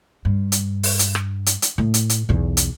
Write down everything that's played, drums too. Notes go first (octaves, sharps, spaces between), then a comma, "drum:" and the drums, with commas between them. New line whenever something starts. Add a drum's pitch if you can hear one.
G2
drum: hi-hat
drum: open hi-hat
drum: hi-hat
drum: rim click
drum: hi-hat
drum: hi-hat
A2 A3
drum: hi-hat
drum: hi-hat
B1 E2
drum: hi-hat